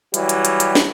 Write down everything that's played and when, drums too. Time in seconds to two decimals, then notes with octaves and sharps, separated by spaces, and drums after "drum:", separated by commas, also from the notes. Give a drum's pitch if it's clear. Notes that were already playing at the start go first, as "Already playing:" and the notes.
0.14 E3 F#3 G3, drum: hi-hat
0.29 drum: hi-hat
0.45 drum: hi-hat
0.60 drum: hi-hat
0.75 drum: snare